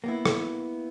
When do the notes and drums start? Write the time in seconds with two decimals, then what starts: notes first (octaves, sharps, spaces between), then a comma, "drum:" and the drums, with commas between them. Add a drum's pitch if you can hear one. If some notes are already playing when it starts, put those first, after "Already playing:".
0.04 A#3 B3 E4
0.26 drum: rim click